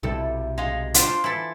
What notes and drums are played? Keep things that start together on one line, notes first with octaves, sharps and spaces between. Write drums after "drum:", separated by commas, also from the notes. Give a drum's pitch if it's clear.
B1 C3 G3 E4 A4
G#3 D#4 F5
D4 F4 C5, drum: hi-hat
E3 E4 A4